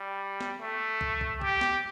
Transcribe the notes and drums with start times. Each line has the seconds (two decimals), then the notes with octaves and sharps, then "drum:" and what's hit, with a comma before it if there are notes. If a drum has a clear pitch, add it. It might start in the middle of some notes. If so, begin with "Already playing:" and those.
Already playing: G3
0.41 drum: snare
0.61 A3
1.01 drum: kick
1.21 drum: kick
1.42 G4, drum: kick
1.61 drum: snare